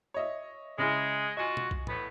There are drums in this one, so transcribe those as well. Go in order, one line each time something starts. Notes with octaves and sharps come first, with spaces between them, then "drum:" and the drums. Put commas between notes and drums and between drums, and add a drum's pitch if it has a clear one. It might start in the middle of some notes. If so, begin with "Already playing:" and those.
C#5 D#5 E5
C#3 G#3 E4 G#4
F4 F#4 D#5 G#5
drum: tom
drum: kick B1
A2 B3, drum: tom